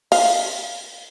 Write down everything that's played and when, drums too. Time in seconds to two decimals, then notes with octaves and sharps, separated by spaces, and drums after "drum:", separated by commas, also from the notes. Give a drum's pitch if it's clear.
0.12 F5, drum: open hi-hat